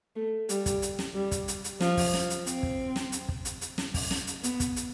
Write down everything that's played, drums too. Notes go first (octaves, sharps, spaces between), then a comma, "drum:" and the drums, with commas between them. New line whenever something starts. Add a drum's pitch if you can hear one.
A3
G3, drum: hi-hat
drum: kick, hi-hat
drum: hi-hat
drum: snare
G3
drum: kick, hi-hat
drum: hi-hat
drum: hi-hat
F3, drum: snare
drum: kick, open hi-hat
drum: snare
drum: hi-hat
C4, drum: hi-hat
drum: kick
drum: snare
drum: hi-hat
drum: kick
drum: hi-hat
drum: hi-hat
drum: snare
drum: kick, open hi-hat
drum: snare
drum: hi-hat
B3, drum: hi-hat
drum: kick, hi-hat
drum: hi-hat